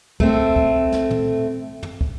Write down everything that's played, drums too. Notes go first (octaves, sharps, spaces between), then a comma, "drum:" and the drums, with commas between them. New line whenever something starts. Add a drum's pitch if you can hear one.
A3 C4, drum: kick
drum: kick
drum: snare
drum: tom
drum: tom
drum: kick